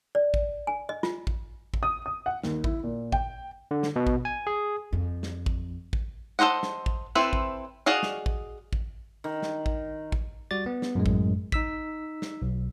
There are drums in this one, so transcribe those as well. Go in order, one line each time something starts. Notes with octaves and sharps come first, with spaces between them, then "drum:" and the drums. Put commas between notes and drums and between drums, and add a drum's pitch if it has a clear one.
D5
drum: kick
G#5
D#5
F4, drum: snare
drum: kick
drum: kick
D#6
D#6
F#5
D#2, drum: snare
E4, drum: kick
A#2
G5, drum: kick
D3
drum: snare
B2
drum: kick
G#5
G#4
F2
drum: snare
drum: kick
drum: kick
A4 A#4 C5 D#5 F#5
drum: snare
drum: kick
C4 E4 A4 B4 C5
drum: kick
F#4 G#4 D5 D#5 F5
drum: snare
drum: kick
drum: kick
D#3
drum: snare
drum: kick
drum: kick
G3 F#4 D5 A6
B3
drum: snare
F#2 A2 G#3
drum: kick
D#4 E6 B6, drum: kick
drum: snare
B1